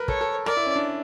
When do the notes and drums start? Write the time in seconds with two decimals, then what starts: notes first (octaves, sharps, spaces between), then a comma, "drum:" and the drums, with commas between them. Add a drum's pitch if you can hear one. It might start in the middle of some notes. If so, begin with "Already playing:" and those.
Already playing: A#4 B4
0.08 A4 C#5, drum: kick
0.21 A4
0.46 A#4 D5, drum: rim click
0.57 E4
0.66 C#4
0.76 D4